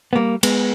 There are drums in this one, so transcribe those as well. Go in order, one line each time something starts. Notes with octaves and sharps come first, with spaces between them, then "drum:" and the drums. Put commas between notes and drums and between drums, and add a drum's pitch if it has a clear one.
B3
G3 A#3
G#3 B3, drum: cymbal